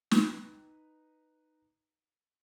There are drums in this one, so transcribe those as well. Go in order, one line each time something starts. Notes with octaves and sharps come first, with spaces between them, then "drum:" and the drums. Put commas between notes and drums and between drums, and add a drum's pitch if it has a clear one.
D#4 B4, drum: snare